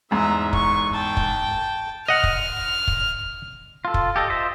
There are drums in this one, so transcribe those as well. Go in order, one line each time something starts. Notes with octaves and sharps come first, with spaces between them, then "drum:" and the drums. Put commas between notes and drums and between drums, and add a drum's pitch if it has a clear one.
E2 G#2 E5 A#5
C#6, drum: kick
G5 A5
drum: kick
D#5 F#5 F6
drum: kick
drum: kick
F4 A4
drum: kick
G4 A4 D#5
F4 C5 D#5 E5